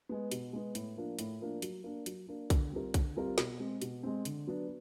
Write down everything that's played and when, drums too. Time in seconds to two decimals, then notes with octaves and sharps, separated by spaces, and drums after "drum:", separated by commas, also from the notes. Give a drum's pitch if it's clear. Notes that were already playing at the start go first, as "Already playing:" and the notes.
0.09 G#3 B3
0.31 B2, drum: hi-hat
0.53 G#3 B3
0.75 A2, drum: hi-hat
0.97 F3 A#3 D4
1.19 A2, drum: hi-hat
1.40 F3 A#3 D4
1.62 F#3, drum: hi-hat
1.84 A#3 D4
2.06 F#3, drum: hi-hat
2.28 A#3 D4
2.50 D3, drum: kick, hi-hat
2.72 G3 C4 F4 A#4
2.94 D3, drum: kick, hi-hat
3.16 G3 C4 F4 A#4
3.38 B2, drum: snare
3.60 G#3 C4
3.82 B2, drum: hi-hat
4.03 G#3 C4
4.25 D3, drum: hi-hat
4.47 F#3 B3 D4